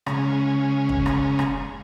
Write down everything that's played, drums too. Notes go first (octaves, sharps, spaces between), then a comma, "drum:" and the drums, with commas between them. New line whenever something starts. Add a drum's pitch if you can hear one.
C#3 G#3 C#4, drum: rim click
drum: kick
drum: rim click
drum: rim click